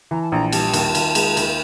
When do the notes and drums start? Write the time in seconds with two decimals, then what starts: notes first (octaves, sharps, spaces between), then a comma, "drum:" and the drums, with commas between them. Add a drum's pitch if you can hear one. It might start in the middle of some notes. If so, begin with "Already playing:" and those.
0.11 E3 A#5
0.22 A5
0.32 A#1 A#5
0.52 G3 A5, drum: cymbal
0.73 D#2, drum: cymbal
0.95 D#2, drum: cymbal
1.15 G#3, drum: cymbal
1.37 D#2, drum: cymbal